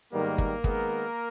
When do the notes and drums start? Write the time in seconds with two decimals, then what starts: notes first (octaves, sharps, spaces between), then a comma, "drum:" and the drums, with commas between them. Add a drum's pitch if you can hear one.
0.12 G#2 D#3 G3 A#3 B3 A#4
0.38 drum: kick
0.64 D#3 G#3 B3, drum: kick